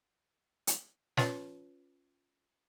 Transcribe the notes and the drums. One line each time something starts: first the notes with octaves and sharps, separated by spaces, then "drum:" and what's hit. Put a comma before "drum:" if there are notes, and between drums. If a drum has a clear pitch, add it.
drum: hi-hat
C#4 F4 B4 C#5, drum: snare